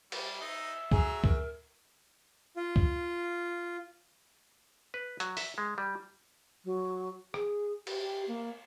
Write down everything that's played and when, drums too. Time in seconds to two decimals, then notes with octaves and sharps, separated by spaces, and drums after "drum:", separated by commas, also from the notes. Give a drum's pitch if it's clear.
0.12 G3, drum: cymbal
0.41 D#4 E5
0.91 F#3 G#4 A#5, drum: kick C#2
1.24 A#4, drum: kick C#2
2.57 F4
2.76 drum: kick C#2
4.94 B4
5.20 F#3, drum: hi-hat
5.37 E5, drum: open hi-hat
5.58 G#3
5.78 G3
6.65 F#3
7.34 G#4, drum: rim click
7.87 G4, drum: cymbal
8.01 G4
8.28 A#3